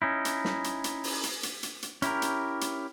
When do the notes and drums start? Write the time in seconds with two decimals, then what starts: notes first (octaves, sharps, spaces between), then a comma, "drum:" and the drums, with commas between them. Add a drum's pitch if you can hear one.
0.02 C#4 D#4 E4
0.25 drum: hi-hat
0.45 drum: snare
0.64 drum: hi-hat
0.84 drum: hi-hat
1.04 drum: open hi-hat
1.23 drum: hi-hat
1.43 drum: hi-hat
1.63 drum: hi-hat
1.82 drum: hi-hat
2.02 C#4 E4 G4 A#4, drum: hi-hat
2.22 drum: hi-hat
2.61 drum: hi-hat